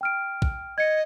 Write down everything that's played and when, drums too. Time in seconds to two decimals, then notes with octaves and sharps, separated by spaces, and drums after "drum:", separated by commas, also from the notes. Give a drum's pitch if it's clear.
0.01 G5 F6 D7
0.42 drum: kick A#1
0.78 D#5 G#6 C#7